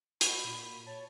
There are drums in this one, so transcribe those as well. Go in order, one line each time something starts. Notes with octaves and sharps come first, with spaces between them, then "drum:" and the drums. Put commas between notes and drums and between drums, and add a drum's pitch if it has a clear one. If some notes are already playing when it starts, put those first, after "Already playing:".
F#4 B5, drum: hi-hat
A#2
C#5 A5